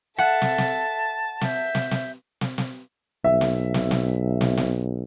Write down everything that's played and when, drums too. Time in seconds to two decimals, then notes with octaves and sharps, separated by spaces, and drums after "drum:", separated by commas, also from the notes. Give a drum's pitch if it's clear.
0.18 A4 E5 F#5 A5
0.42 drum: snare
0.58 drum: snare
1.41 E5 G6, drum: snare
1.75 drum: snare
1.91 drum: snare
2.41 drum: snare
2.58 drum: snare
3.24 B1 E5
3.41 drum: snare
3.74 drum: snare
3.91 drum: snare
4.41 drum: snare
4.57 drum: snare